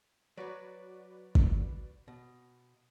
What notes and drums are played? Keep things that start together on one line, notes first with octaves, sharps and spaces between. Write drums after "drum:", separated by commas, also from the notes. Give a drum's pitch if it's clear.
F#3 F#4 B4 C#5 D5
drum: kick
B2